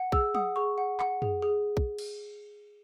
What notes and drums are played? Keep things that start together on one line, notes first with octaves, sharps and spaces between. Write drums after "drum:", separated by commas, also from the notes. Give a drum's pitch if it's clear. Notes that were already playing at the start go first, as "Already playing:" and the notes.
Already playing: F#5
G#4 E6, drum: kick
F#5 D#6, drum: tom
G#4 C#6
F#5
F#5, drum: clap
G#4, drum: tom
G#4
drum: kick
drum: cymbal